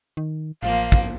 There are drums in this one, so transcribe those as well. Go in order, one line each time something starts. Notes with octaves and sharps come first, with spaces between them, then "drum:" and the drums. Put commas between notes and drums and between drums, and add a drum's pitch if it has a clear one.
D#3
A1 F3 A#3 F5
drum: kick